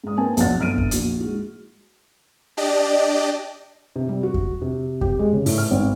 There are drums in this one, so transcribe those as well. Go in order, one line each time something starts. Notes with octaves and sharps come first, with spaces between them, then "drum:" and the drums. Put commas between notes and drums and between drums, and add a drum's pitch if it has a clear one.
G#2 D#6
A#3 C4 B4 G#5 A5
B1 F2 A#2 F#4 F#5 A6, drum: hi-hat
G1 F6 D7 D#7
drum: kick F2
A#1 F#4, drum: hi-hat
G#3 F#4
D4 G4 D5 D#5
C3
G3
F#4
drum: kick F2
C3
G4, drum: kick F2
G#3
C#3
A2, drum: open hi-hat
F6
G#1